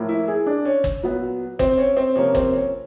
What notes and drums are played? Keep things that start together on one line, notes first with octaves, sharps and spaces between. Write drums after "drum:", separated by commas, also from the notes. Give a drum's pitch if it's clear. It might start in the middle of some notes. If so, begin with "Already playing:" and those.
Already playing: A2 F3 A#3
E4
G#4
D4
C#4
drum: kick G1
A#2 F#3 B3
C4, drum: kick G1
C#4
C4
C3 F3 A#3 C#4
C4, drum: kick G1
C#4